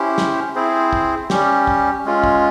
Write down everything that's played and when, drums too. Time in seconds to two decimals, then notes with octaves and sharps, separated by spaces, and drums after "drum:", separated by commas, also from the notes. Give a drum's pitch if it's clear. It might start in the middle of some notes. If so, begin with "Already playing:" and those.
Already playing: C#4 E4 G4 C5
0.18 drum: snare
0.55 C4 E4 G#4 C5
0.93 drum: kick
1.30 G3 C#4 G4, drum: snare
1.67 drum: kick
2.05 G#3 C#4 F4
2.24 drum: kick